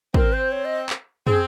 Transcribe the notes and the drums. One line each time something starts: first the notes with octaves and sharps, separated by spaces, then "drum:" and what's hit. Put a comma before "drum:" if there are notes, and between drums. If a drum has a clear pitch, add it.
C4 A#4, drum: kick
C5
C#5
D#5
drum: clap
C4 G#4, drum: tom